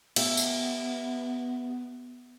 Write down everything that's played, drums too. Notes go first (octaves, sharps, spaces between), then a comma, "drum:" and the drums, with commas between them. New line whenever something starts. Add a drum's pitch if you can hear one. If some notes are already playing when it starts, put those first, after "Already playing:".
B3 G4 E5, drum: cymbal
drum: tambourine